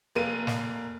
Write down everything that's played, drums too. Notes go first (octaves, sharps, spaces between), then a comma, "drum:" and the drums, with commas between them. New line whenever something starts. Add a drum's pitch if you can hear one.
F1 A#3 D#7
drum: snare